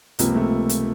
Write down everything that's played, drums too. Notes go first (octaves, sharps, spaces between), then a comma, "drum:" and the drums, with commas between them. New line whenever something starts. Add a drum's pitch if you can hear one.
C#2 C3 F3 A#3, drum: hi-hat
A3
drum: hi-hat